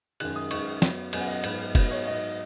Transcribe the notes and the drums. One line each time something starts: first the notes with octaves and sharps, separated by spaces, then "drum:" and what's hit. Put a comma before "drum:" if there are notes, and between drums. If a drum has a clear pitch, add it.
F#2 D#3 G#3 F#6, drum: cymbal
D#6
F#2 D#3 G#3 C#6, drum: cymbal
F#2 F#3 B3, drum: snare
F#2 F#3 B3 G#5, drum: cymbal
F#5
D#5
F#5
G#2 F#3 B3, drum: cymbal
G#2 F#3 B3 D#5, drum: kick F1, cymbal
C#5
G#2 F#3 B3 D#5